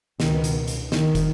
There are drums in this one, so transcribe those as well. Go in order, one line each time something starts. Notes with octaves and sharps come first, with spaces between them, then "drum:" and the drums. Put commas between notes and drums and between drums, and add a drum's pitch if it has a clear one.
C#2 B2 D#3, drum: snare
drum: hi-hat
drum: hi-hat
D#3, drum: snare
drum: kick, hi-hat